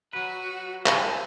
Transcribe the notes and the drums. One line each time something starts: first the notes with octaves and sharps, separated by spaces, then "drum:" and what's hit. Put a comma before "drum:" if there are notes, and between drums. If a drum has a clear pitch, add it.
F#3 F#4 B4
G#5, drum: clap